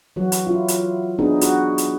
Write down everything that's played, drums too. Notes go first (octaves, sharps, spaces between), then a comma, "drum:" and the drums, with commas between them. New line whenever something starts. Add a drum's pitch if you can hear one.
E3 F#3 F#4
drum: hi-hat
E4 F4
drum: hi-hat
B3 D4 D#4 G#4
F#4, drum: hi-hat
drum: hi-hat